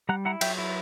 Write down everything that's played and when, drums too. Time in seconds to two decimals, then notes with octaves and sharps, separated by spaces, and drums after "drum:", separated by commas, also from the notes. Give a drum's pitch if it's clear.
0.09 G3 F#5 A#5
0.25 E4 F#5 A#5
0.41 F#3 E5 G5, drum: cymbal
0.58 E4